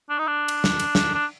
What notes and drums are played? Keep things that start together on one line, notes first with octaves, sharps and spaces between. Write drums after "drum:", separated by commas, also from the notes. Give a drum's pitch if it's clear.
D4
D#4
D4
drum: cymbal
drum: snare
drum: cymbal
drum: snare
D4